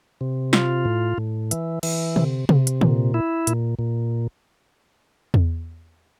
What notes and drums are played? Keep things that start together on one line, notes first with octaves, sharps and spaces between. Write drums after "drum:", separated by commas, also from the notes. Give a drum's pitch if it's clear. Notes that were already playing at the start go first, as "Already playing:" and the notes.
C3
F4, drum: snare
A2
A2
E3, drum: hi-hat
E3, drum: cymbal
C3, drum: tom D3
C3, drum: tom C3
drum: hi-hat
A#2, drum: tom D3
E4
A#2, drum: hi-hat
A#2
drum: tom E2